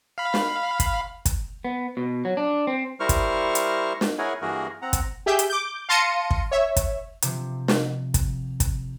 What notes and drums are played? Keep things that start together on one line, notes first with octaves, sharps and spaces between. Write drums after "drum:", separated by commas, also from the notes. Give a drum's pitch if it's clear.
F5 B5
drum: snare
drum: kick, hi-hat
drum: kick, hi-hat
B3
B2
F#3
D4
C4
G3 E4 A#4 C5 C#6 F6
drum: kick, hi-hat
drum: hi-hat
drum: snare
E4 G#4 A#4 C#5 F#5 G#5
G2 E3 A#3 F#4 G#4 A#4
C4 F#5 A#5
drum: kick, hi-hat
G4 G#4 E5 G6
drum: hi-hat
D6 G6
F5 A5 C6 A#6 C#7 D#7
drum: kick
C#5 E5
drum: kick, hi-hat
C3 F3, drum: hi-hat
drum: snare
drum: kick, hi-hat
drum: kick, hi-hat